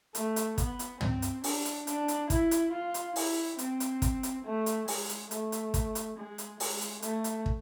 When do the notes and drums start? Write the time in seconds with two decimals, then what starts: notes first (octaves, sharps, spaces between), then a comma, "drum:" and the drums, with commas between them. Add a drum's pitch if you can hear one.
0.15 A3, drum: hi-hat
0.36 drum: hi-hat
0.58 B3, drum: kick, hi-hat
0.79 drum: hi-hat
1.01 C4, drum: tom
1.22 drum: hi-hat
1.44 D4, drum: open hi-hat
1.65 drum: hi-hat
1.87 D4, drum: hi-hat
2.08 drum: hi-hat
2.30 E4, drum: kick, hi-hat
2.51 drum: hi-hat
2.72 F4
2.94 drum: hi-hat
3.16 E4, drum: open hi-hat
3.58 C4, drum: hi-hat
3.80 drum: hi-hat
4.02 drum: kick, hi-hat
4.23 drum: hi-hat
4.44 A3
4.66 drum: hi-hat
4.88 G#3, drum: open hi-hat
5.09 drum: hi-hat
5.31 A3, drum: hi-hat
5.52 drum: hi-hat
5.74 drum: kick, hi-hat
5.95 drum: hi-hat
6.17 G#3
6.38 drum: hi-hat
6.60 G#3, drum: open hi-hat
6.81 drum: hi-hat
7.02 A3, drum: hi-hat
7.24 drum: hi-hat
7.46 drum: kick